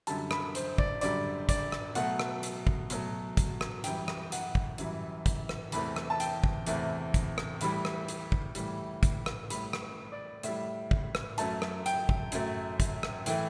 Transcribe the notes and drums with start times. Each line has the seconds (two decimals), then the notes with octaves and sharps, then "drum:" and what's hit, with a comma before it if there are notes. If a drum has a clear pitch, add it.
0.07 F#2 D3 G3 A5, drum: hi-hat
0.31 B5, drum: rim click
0.55 C5, drum: hi-hat
0.78 D5, drum: kick
1.01 F#2 D3 G3 D5, drum: hi-hat
1.49 D5, drum: kick, hi-hat
1.72 drum: rim click
1.95 B2 F#3 A3 F#5, drum: hi-hat
2.20 drum: rim click
2.43 drum: hi-hat
2.67 drum: kick
2.90 B2 F#3 A3, drum: hi-hat
3.37 drum: kick, hi-hat
3.61 drum: rim click
3.84 F#2 E3 G3 G5, drum: hi-hat
4.08 drum: rim click
4.32 F#5, drum: hi-hat
4.55 drum: kick
4.78 F#2 E3 G3, drum: hi-hat
5.26 drum: kick, hi-hat
5.49 drum: rim click
5.72 E2 C3 E3 A3 B5, drum: hi-hat
5.96 drum: rim click
6.10 A5
6.20 G5, drum: hi-hat
6.44 drum: kick
6.67 E2 C3 E3 A3, drum: hi-hat
7.14 drum: kick, hi-hat
7.38 drum: rim click
7.61 A2 E3 G3 B5, drum: hi-hat
7.85 drum: rim click
8.08 drum: hi-hat
8.32 drum: kick
8.55 A2 E3 G3, drum: hi-hat
9.03 drum: kick, hi-hat
9.26 drum: rim click
9.50 A2 G3 B5, drum: hi-hat
9.73 drum: rim click
10.12 D5
10.43 A2 G3 E5, drum: hi-hat
10.91 drum: kick
11.15 drum: rim click
11.38 F#2 F#3 A3 A5, drum: hi-hat
11.62 drum: rim click
11.86 G5, drum: hi-hat
12.09 drum: kick
12.32 F#2 F#3 A3, drum: hi-hat
12.80 drum: kick, hi-hat
13.03 drum: rim click
13.26 A2 E3 A3 G5, drum: hi-hat